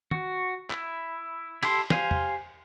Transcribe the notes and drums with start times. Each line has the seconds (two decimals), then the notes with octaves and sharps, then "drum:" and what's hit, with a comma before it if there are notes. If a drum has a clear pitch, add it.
0.11 F#4, drum: tom
0.70 E4, drum: clap
1.63 E4 G4 A4 C6, drum: cymbal
1.90 G4 C5 F5 G#5, drum: snare
2.11 drum: tom E2